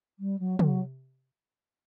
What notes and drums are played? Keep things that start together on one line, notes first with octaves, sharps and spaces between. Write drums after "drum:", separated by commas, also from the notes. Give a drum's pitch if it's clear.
G3
F#3
F#3, drum: tom